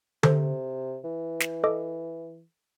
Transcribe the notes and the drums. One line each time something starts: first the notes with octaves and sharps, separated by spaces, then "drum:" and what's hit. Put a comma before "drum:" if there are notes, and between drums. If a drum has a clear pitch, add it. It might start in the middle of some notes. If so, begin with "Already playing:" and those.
C3 A4 C5, drum: tom D3
E3
drum: snare
A4 D#5 D6